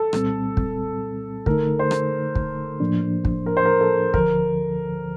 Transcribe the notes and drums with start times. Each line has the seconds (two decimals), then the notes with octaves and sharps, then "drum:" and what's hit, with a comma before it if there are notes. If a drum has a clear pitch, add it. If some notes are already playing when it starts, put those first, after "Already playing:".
Already playing: A4
0.13 C2 A#2 G3 C4, drum: rim click
0.57 drum: kick
1.46 D3 A3 D#4 A#4, drum: kick
1.79 C5
1.91 drum: rim click
2.35 drum: kick
2.80 A2 F3 A#3 D4
3.25 drum: kick
3.46 A#4
3.57 C5
3.65 A#4
3.81 A4
4.14 D2 D3 F3 A#4, drum: kick